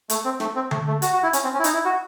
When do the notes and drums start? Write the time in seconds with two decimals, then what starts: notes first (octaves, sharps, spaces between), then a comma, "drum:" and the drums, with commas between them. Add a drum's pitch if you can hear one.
0.10 A3, drum: hi-hat
0.25 C4
0.40 A3, drum: snare
0.55 C4
0.71 A3, drum: tom D3
0.87 A3
1.02 F#4, drum: hi-hat
1.13 F#4
1.23 E4
1.33 C#4, drum: hi-hat
1.44 C4
1.54 C#4
1.59 E4
1.64 D#4, drum: hi-hat
1.74 E4
1.85 F#4